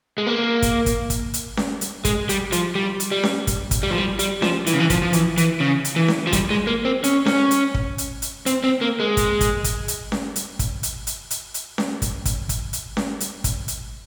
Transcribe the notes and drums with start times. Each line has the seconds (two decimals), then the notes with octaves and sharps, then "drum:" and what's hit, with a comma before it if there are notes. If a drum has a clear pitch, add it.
0.18 G#3
0.27 A#3
0.62 drum: kick, hi-hat
0.86 drum: kick, hi-hat
1.10 drum: kick, hi-hat
1.34 drum: hi-hat
1.57 drum: snare C#4
1.81 drum: hi-hat
2.05 G#3, drum: kick, hi-hat
2.29 G3, drum: hi-hat
2.52 F3, drum: hi-hat
2.75 G3
3.00 drum: hi-hat
3.12 G3
3.23 drum: snare C#4
3.47 drum: kick, hi-hat
3.71 drum: kick, hi-hat
3.83 G3
3.90 F3
3.98 G3
4.19 G3, drum: hi-hat
4.42 F3, drum: snare C#4
4.67 E3, drum: hi-hat
4.73 C#3
4.80 E3
4.90 F3, drum: kick, hi-hat
5.02 F3
5.13 E3, drum: hi-hat
5.37 E3, drum: hi-hat
5.60 C#3
5.85 drum: hi-hat
5.96 E3
6.08 drum: snare C#4
6.27 F3
6.33 G3, drum: kick, hi-hat
6.50 G#3
6.67 A#3
6.85 C4
7.04 C#4, drum: hi-hat
7.26 C#4, drum: snare C#4
7.51 drum: hi-hat
7.74 drum: kick
7.98 drum: hi-hat
8.22 drum: hi-hat
8.46 C4, drum: hi-hat
8.64 C4
8.81 A#3
9.00 G#3
9.17 drum: kick, hi-hat
9.41 drum: kick, hi-hat
9.64 drum: kick, hi-hat
9.88 drum: hi-hat
10.12 drum: snare C#4
10.36 drum: hi-hat
10.59 drum: kick, hi-hat
10.83 drum: hi-hat
11.07 drum: hi-hat
11.31 drum: hi-hat
11.54 drum: hi-hat
11.78 drum: snare C#4
12.02 drum: kick, hi-hat
12.25 drum: kick, hi-hat
12.49 drum: kick, hi-hat
12.73 drum: hi-hat
12.97 drum: snare C#4
13.20 drum: hi-hat
13.44 drum: kick, hi-hat
13.68 drum: hi-hat